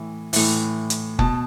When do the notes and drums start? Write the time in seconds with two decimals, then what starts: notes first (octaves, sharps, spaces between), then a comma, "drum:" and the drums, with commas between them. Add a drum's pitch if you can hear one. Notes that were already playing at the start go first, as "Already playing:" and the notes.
Already playing: A2 E3
0.33 A2 E3, drum: open hi-hat
0.90 drum: hi-hat
1.19 B2 A5, drum: kick